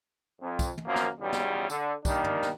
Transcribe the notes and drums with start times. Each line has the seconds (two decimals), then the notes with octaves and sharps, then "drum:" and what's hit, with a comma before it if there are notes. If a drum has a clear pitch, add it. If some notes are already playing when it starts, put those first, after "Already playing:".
0.41 F2
0.59 drum: kick, tambourine
0.77 drum: tom
0.87 F#2 F3 A#3
0.96 drum: snare
1.20 B1 E2 C#3 G3
1.32 drum: snare
1.70 D3, drum: tambourine
2.05 D#3 G3 A#3 D4, drum: kick, tambourine
2.24 drum: tom
2.42 drum: snare